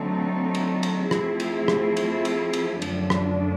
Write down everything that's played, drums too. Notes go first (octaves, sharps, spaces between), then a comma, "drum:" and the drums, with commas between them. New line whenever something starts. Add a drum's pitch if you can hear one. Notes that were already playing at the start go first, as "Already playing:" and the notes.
Already playing: D3 F#3 A3 C4 D#4
drum: cymbal
drum: cymbal
F3 A3 C4 E4 G#4, drum: rim click
drum: cymbal
drum: rim click
drum: cymbal
drum: cymbal
drum: cymbal
F#2 D3 F3 A3 D4, drum: cymbal
drum: rim click